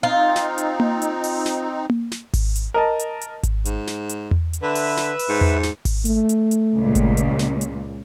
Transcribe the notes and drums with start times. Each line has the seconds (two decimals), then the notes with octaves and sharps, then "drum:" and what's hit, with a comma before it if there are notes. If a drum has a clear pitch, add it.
0.03 C4 D#4 F4
0.36 drum: snare
0.58 drum: hi-hat
0.80 drum: tom A#3
1.02 drum: hi-hat
1.24 drum: open hi-hat
1.46 drum: snare
1.90 drum: tom A#3
2.12 drum: snare
2.33 drum: kick G#1, open hi-hat
2.55 drum: hi-hat
2.74 A#4 D#5 A5
2.99 drum: hi-hat
3.21 drum: hi-hat
3.43 drum: kick G#1, hi-hat
3.65 G#2, drum: hi-hat
3.87 drum: snare
4.09 drum: hi-hat
4.31 drum: tom E2
4.53 drum: hi-hat
4.63 D3 B4 E5
4.75 drum: open hi-hat
4.97 drum: snare
5.19 drum: open hi-hat
5.29 G#2
5.41 drum: tom E2
5.63 drum: snare
5.85 drum: kick G#1, open hi-hat
6.05 A3, drum: hi-hat
6.29 drum: hi-hat
6.51 drum: hi-hat
6.77 C#2 A#2
6.95 drum: kick G#1, hi-hat
7.17 drum: hi-hat
7.39 drum: snare
7.61 drum: hi-hat